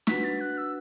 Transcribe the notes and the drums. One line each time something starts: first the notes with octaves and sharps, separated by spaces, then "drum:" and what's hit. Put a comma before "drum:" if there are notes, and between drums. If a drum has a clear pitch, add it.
D4 F#4 B4 F#5 B6, drum: snare
A6
F#6
E6